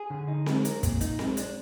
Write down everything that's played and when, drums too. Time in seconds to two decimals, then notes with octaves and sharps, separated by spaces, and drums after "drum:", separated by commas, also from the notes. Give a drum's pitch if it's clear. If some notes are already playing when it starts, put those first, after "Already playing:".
Already playing: G#4
0.10 D3
0.28 D#4
0.46 G#3, drum: snare C4
0.65 A#4, drum: hi-hat
0.83 A#2, drum: kick, hi-hat
1.01 D#4, drum: hi-hat
1.19 G#3, drum: snare C4
1.37 D4, drum: hi-hat